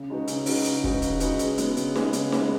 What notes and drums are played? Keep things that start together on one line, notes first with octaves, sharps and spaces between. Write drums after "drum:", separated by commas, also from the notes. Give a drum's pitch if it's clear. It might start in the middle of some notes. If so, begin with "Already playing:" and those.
Already playing: C#3
G#3 D#4 F#4 B4
C#3, drum: hi-hat
G#3 D#4 F#4 B4, drum: open hi-hat
C#3, drum: hi-hat
G#3 D#4 F#4 B4, drum: kick
C#3, drum: hi-hat
G#3 D#4 F#4 B4, drum: hi-hat
C#3, drum: hi-hat
G#3 B3, drum: hi-hat
C#3, drum: hi-hat
G#3 B3, drum: snare D#4
C#3, drum: hi-hat
G#3 B3, drum: snare D#4